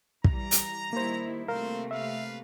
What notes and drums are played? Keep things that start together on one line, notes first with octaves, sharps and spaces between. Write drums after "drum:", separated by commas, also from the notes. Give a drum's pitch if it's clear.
E3 G3 A#5, drum: kick
drum: hi-hat
D#3 G3 A#3 E4 C5
C3 A3 A#3 C4 F4 A#4 C5 F5
B4 E5 F5